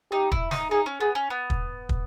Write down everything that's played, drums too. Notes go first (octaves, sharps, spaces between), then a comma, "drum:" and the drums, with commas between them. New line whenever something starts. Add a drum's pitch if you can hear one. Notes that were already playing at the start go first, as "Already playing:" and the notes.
D#4 G4
E4, drum: kick
D#4, drum: snare
D#4 G#4
C#4
B3 G#4
C#4
B3
drum: kick
drum: kick